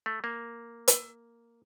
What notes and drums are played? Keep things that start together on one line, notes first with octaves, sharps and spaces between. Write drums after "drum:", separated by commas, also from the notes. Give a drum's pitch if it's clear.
A3
A#3
drum: hi-hat